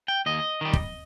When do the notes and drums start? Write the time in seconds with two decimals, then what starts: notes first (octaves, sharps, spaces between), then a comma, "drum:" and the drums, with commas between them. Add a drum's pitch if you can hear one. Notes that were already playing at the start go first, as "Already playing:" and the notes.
0.08 G5
0.26 D#2 D#5
0.61 D#3 G3
0.73 drum: kick